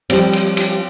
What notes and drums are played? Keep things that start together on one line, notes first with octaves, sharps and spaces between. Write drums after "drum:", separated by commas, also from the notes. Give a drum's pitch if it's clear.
F3 G3 C4, drum: cymbal
drum: cymbal
drum: cymbal